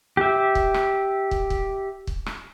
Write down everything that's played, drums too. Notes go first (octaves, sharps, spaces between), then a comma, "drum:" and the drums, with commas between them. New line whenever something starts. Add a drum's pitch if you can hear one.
G4 E5
drum: kick
drum: rim click
drum: kick
drum: kick
drum: kick
drum: rim click